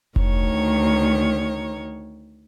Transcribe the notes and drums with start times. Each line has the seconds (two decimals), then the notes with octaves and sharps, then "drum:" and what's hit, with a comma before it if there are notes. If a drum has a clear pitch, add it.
0.16 D2 D#3 C#5, drum: kick F1